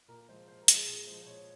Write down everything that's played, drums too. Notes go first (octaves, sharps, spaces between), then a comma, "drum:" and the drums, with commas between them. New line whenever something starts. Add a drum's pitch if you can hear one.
A#2 A#4
F3 G#3 C5
A#2 C5
A#4
F3 G#3, drum: hi-hat
G#4
A#2 G#4
F3 G#3 C5
C5
A#2 C#5